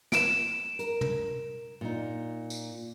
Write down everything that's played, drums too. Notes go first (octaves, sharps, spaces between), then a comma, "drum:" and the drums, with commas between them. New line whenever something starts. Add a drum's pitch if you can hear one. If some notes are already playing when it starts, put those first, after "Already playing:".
D7 E7, drum: snare
A#4, drum: hi-hat
drum: tom
A#2 D#4
drum: tambourine